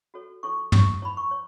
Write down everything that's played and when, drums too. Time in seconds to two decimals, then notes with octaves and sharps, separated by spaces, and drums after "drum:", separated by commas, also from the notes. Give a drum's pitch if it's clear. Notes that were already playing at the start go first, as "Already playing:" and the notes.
0.14 F#4 A4 C#5
0.43 E4 A4 C#5 C#6
0.72 E4 C#5 C#6, drum: tom
1.02 E4 C#5 B5
1.17 C#6
1.31 C#5